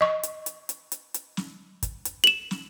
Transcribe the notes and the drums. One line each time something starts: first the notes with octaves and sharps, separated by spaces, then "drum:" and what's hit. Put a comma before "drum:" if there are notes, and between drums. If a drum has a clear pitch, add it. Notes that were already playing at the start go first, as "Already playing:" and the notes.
D#5 C#6
drum: hi-hat
drum: hi-hat
drum: hi-hat
drum: hi-hat
drum: hi-hat
drum: snare
drum: kick, hi-hat
drum: hi-hat
E7 F#7
drum: snare